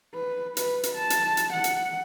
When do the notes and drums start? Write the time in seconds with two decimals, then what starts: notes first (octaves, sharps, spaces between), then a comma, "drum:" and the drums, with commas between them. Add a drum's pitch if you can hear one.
0.14 B4
0.57 B4, drum: hi-hat
0.83 drum: hi-hat
0.95 A5
1.10 drum: hi-hat
1.37 drum: hi-hat
1.53 F#5
1.64 drum: hi-hat